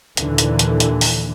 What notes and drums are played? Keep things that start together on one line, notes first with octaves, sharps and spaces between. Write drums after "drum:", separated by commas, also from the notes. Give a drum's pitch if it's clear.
D#2 A#2 D3 E3, drum: hi-hat
drum: hi-hat
drum: hi-hat
drum: hi-hat
drum: open hi-hat